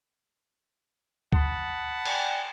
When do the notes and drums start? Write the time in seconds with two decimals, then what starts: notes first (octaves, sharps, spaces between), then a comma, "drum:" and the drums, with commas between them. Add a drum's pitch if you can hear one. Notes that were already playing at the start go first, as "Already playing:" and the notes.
1.32 F#5 A5 B5 D#6, drum: kick D2
2.05 D5 G5 G#5, drum: cymbal